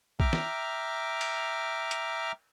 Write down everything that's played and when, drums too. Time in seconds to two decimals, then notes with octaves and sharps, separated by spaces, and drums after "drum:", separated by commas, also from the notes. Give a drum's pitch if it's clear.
0.20 E5 G5 A#5 D6 F6, drum: kick
0.33 drum: snare
1.21 drum: cymbal
1.91 drum: hi-hat